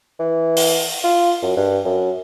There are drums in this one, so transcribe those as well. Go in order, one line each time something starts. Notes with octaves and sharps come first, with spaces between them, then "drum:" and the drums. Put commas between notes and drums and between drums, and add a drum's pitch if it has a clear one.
E3
drum: open hi-hat
F4
F#2
G2
F#2